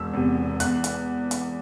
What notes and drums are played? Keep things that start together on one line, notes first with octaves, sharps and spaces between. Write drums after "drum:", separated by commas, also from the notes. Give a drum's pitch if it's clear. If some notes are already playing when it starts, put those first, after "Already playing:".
Already playing: E1 E6
E2 C3
E2 F#6, drum: hi-hat
drum: hi-hat
drum: hi-hat